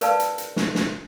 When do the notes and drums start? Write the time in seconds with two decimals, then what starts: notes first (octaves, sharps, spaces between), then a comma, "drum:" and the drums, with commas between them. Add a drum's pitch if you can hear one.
0.01 A#4 B4 D5 F5 A5 E6, drum: hi-hat
0.20 drum: hi-hat
0.38 drum: hi-hat
0.56 drum: snare
0.75 drum: snare